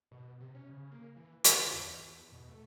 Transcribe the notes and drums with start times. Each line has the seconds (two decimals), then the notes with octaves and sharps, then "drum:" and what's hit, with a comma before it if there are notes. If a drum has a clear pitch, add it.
0.11 B2
0.40 C3
0.55 C#4
0.69 C#3
0.91 A#3
1.16 E3
1.44 D3, drum: hi-hat
1.73 E2
2.01 E2
2.32 B2
2.49 A3